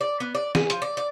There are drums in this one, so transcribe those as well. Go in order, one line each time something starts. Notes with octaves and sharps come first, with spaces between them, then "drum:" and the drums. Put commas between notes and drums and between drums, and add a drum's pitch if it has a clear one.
D5
B3
D5
G#4, drum: snare
F3, drum: hi-hat
D5
D5